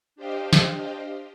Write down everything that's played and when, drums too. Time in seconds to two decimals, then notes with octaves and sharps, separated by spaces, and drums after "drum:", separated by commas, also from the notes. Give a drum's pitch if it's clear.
0.16 D4 G4 C5 D#5 F5 G5
0.53 drum: snare